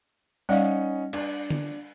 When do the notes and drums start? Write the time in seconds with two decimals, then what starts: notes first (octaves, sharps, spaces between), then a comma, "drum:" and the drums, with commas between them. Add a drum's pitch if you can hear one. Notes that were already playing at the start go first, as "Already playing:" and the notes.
0.49 G3 C#4 D#4 D5 F5 F#5
1.13 D4, drum: cymbal
1.50 drum: tom D3